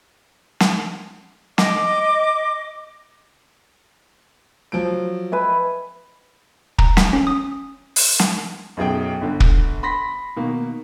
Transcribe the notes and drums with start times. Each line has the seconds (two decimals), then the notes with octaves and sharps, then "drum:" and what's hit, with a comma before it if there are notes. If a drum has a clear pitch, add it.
0.60 drum: snare
1.58 D#5 D6, drum: snare
4.72 F3 F#3 D7
5.32 B4 E5 G#5
6.79 A#5, drum: kick
6.97 B6, drum: snare
7.13 C#4
7.27 D#6
7.96 drum: open hi-hat
8.19 drum: snare
8.77 B1 F#2 G#4 G5
9.21 G1 D3
9.40 drum: kick
9.83 B5 C6 A#6 B6
10.36 B2 D#3 A#3